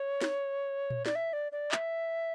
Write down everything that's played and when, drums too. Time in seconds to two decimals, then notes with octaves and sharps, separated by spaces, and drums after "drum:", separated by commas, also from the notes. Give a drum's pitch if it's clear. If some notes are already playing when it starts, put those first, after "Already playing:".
Already playing: C#5
0.21 drum: snare
0.90 drum: tom A#2
1.06 D5, drum: snare
1.15 E5
1.33 D5
1.52 D5
1.72 E5, drum: clap